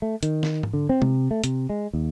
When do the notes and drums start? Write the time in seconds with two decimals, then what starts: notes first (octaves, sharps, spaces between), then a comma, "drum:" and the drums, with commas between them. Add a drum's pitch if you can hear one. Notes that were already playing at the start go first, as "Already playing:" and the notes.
0.02 A3
0.23 D#3, drum: hi-hat
0.43 drum: snare
0.63 drum: tom G#2
0.73 D3
0.89 C4
1.02 C3, drum: tom
1.31 A3
1.44 C3, drum: hi-hat
1.70 G#3
1.93 D#2